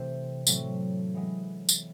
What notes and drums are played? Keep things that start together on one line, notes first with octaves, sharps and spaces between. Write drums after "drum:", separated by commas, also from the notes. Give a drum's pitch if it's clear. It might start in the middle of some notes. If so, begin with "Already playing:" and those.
Already playing: C3 E3 A3 C4 C5
A2 F#3 A3 C4, drum: tambourine
E3 G#3 B3
drum: tambourine